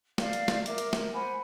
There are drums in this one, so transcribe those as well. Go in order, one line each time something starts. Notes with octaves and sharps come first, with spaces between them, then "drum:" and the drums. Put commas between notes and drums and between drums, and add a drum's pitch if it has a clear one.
D5 F5, drum: snare
drum: hi-hat
drum: snare
A#4 E5 D6, drum: hi-hat
drum: hi-hat
A#4, drum: snare
C5 F#5 G#5 B5